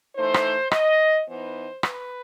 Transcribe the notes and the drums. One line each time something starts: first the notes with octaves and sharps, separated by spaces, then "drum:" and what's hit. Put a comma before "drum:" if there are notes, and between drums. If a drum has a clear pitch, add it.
E3 A3 D#4 C5
drum: rim click
D#5, drum: rim click
E3 B3 D#4 C5
B4, drum: rim click